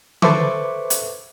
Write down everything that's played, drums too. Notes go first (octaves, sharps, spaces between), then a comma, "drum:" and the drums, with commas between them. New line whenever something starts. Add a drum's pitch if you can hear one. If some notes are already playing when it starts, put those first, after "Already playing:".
A4 B4 C5 E5 C#6 D6, drum: tom D3
drum: hi-hat